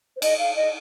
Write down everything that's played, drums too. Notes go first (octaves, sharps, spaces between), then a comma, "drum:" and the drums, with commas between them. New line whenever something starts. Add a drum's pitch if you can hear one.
C5
D#5, drum: cymbal
F5
D#5